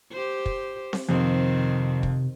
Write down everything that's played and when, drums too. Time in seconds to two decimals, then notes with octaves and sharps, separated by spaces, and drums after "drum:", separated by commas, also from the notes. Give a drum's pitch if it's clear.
0.12 G4 C5
0.46 drum: kick
0.93 drum: snare C4
1.09 F2 C3 D#3 C4
2.03 drum: kick